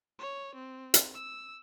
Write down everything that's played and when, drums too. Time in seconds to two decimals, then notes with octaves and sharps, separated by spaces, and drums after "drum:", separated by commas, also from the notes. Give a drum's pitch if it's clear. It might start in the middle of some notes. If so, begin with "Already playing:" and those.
0.19 C#5
0.55 C4
0.94 drum: hi-hat
1.14 E6